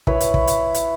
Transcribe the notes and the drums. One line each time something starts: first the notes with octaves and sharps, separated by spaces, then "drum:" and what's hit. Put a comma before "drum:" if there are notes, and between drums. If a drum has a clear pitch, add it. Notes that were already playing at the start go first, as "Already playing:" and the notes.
E4 B4 C#5, drum: kick
drum: hi-hat
drum: kick
drum: hi-hat
drum: hi-hat